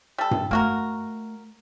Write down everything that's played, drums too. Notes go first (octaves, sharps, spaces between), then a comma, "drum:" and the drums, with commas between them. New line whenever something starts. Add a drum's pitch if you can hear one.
G3 A4
drum: tom G2
A3 A#3 F#4 A#4